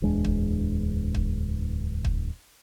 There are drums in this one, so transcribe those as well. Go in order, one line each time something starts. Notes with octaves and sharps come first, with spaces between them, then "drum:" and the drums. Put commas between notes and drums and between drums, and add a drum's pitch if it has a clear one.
D1 E2 G#3 D4
drum: kick
drum: kick
drum: kick